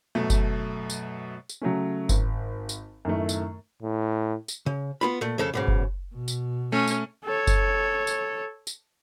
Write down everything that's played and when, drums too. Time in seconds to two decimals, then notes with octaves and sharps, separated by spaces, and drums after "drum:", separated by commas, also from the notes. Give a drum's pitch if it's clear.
0.15 F#2 B2 A3
0.30 drum: kick F#1, tambourine
0.90 drum: tambourine
1.49 drum: tambourine
1.61 C#3 F#3 A3 C#4
2.09 G#1, drum: kick F#1, tambourine
2.69 drum: tambourine
3.05 F#2 A2 D#3 A3
3.29 drum: tambourine
3.82 A2
4.48 drum: tambourine
4.66 C#3
5.01 B3 F4 B5
5.21 A#2 A3
5.38 F2 C#3 A4
5.53 B1 G#2 C#3
5.68 drum: kick F#1
6.15 B2
6.28 drum: tambourine
6.72 A3 C#4
6.88 drum: tambourine
7.25 A4 C#5
7.47 drum: kick F#1, tambourine
8.07 drum: tambourine
8.67 drum: tambourine